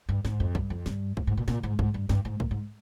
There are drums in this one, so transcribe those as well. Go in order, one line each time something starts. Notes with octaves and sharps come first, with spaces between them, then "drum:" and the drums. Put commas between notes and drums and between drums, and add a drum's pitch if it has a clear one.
G2
G#2, drum: snare
F2
G2, drum: kick
F2
G2, drum: snare
G#2, drum: kick
G#2
A#2
A#2, drum: snare
G#2
G#2, drum: kick
G2
G2, drum: snare
G#2
A#2, drum: kick
G#2